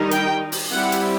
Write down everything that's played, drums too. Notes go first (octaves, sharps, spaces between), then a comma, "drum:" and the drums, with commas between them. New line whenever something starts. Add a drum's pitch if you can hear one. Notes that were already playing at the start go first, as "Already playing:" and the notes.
Already playing: D#3 G3 D#4
G5, drum: hi-hat
drum: open hi-hat
G3 C4 E4 F#5
drum: hi-hat